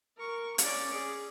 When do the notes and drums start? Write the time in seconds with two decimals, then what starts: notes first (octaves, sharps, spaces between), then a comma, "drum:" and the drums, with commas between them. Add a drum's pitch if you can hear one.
0.17 A#4 C#6
0.58 C#4 D5, drum: hi-hat
0.93 G#4